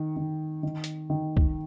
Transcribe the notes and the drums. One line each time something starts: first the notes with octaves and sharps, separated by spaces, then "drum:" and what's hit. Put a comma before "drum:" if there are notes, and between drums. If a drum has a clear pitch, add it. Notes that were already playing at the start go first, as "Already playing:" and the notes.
Already playing: D#3
D#3
D#3
drum: hi-hat
D#3
drum: kick C2